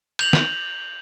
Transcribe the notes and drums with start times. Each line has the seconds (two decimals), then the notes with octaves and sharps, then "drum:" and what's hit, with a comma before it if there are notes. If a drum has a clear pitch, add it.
0.19 G6 F7 F#7, drum: cymbal
0.33 drum: snare